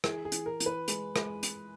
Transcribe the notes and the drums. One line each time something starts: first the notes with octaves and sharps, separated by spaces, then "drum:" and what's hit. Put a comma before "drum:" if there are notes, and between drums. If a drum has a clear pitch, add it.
E3 G#4, drum: rim click
G#4
E3, drum: hi-hat
A#4
E3, drum: hi-hat
B4
G#3, drum: hi-hat
G#3, drum: rim click
drum: hi-hat